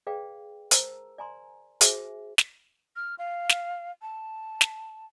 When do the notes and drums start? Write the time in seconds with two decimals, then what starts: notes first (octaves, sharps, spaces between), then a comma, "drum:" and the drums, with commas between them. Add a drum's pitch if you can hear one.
0.07 G#4 B4 D5 F5 G5
0.71 A#4 C5 A5 A#5 E6, drum: hi-hat
1.18 D5 G#5 A#5 C6
1.81 F#4 G#4 C5 E5 G#5, drum: hi-hat
2.38 drum: snare
2.96 F6
3.19 F5
3.49 drum: snare
4.02 A5
4.61 drum: snare